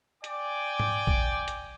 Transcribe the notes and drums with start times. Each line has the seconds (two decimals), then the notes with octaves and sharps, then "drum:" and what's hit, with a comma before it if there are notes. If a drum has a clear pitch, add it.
0.24 D5 G5 G#5 D6, drum: hi-hat
0.80 drum: tom G#2
1.07 drum: kick
1.48 drum: hi-hat